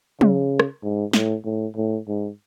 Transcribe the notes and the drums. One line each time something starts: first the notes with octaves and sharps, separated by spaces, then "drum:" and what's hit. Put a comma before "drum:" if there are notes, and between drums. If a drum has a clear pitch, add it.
C#3, drum: tom
drum: rim click
G#2
A2, drum: snare
A2
A2
G#2